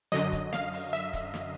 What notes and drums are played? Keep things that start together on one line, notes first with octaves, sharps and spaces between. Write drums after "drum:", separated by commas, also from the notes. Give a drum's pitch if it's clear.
F#2 D3 F#3 D#5, drum: hi-hat
drum: kick C#1, hi-hat
F5, drum: snare
drum: open hi-hat
E5, drum: hi-hat
drum: kick C#1, hi-hat
drum: snare